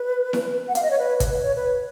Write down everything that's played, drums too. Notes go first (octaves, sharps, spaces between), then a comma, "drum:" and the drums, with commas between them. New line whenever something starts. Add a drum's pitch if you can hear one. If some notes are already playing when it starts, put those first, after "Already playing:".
Already playing: B4
drum: snare E4
F#5
F5, drum: hi-hat
D#5
C#5
B4
B4, drum: kick, hi-hat
C#5
B4